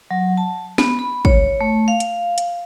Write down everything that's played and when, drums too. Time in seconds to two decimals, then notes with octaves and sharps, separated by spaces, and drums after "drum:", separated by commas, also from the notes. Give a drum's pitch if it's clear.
0.11 F#3
0.37 A5
0.78 B3, drum: snare
0.99 B5
1.25 C#5, drum: kick
1.61 A3
1.88 F5
2.00 drum: hi-hat
2.38 drum: hi-hat